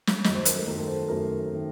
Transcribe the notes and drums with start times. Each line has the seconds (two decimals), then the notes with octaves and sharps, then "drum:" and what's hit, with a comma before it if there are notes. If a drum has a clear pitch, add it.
0.07 drum: snare
0.24 F#2 D#3 A3 D#5, drum: snare
0.35 C5
0.45 A#4, drum: hi-hat
0.56 A4
0.67 F#2 D#3 A3 A#4
0.77 A4
0.88 C5
1.09 F#2 D#3 A3 A#4
1.53 D#3 A3